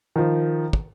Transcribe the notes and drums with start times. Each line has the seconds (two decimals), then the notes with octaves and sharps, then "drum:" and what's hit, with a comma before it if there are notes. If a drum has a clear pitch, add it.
0.16 D#3 F3
0.73 drum: kick